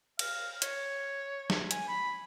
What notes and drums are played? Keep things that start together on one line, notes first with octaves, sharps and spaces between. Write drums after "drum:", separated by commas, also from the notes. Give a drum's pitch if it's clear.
F5, drum: cymbal
C#5, drum: hi-hat
drum: snare
G#5, drum: hi-hat
B5